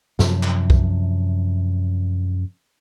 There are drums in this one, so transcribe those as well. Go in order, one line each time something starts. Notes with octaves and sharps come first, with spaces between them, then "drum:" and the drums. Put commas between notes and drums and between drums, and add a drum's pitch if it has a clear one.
F#2 C3 F3, drum: snare
drum: clap
drum: kick B1